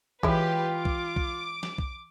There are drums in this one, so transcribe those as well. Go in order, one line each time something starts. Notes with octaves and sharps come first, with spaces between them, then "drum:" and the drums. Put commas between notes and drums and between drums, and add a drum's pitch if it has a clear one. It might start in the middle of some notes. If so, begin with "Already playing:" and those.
E3 G#3 E4 F4 G4 B4, drum: kick
D6
drum: kick
drum: kick
drum: snare
drum: kick